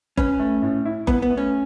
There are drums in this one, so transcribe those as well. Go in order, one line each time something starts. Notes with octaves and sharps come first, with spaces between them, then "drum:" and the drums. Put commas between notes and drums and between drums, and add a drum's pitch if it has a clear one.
C#4 B4, drum: kick F#1
A3
A2
E4
B3 B4, drum: kick F#1
B3
A3
C#4